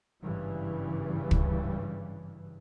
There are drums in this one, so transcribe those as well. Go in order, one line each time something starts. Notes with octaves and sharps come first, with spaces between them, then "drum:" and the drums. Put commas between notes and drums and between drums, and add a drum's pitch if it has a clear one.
G#1 G2 C#3 E3 G3
drum: kick